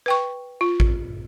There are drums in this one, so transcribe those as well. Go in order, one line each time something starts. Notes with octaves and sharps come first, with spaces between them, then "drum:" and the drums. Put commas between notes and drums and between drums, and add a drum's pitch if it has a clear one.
B4 G5 C#6
F4
drum: kick A1